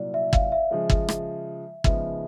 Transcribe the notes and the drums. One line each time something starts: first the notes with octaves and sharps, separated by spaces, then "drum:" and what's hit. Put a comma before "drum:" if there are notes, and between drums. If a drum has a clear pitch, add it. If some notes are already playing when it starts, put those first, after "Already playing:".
Already playing: C2 A#2 F#3 D5
E5
F5, drum: kick
E5
C#3 F3 G#3
drum: kick
drum: rim click
C#3 F3 G#3 B3 D#4 E5, drum: kick